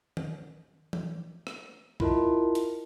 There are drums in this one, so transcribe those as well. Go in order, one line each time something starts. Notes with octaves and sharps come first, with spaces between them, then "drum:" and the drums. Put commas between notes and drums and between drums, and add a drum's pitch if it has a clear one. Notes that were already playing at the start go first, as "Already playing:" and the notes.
drum: tom D#3
drum: tom E3
drum: rim click
E4 F4 A#4 D#5 A5, drum: kick C2
drum: hi-hat